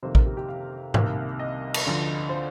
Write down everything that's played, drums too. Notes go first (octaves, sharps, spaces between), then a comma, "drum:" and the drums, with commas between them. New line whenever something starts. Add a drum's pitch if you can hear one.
F2 C3 D#3 A#3 C5
A#4, drum: kick A1
G4
G4
F5
C2 C3 D#3 A#3, drum: tom G#2
D#5
drum: cymbal
D2 D3 F3
C5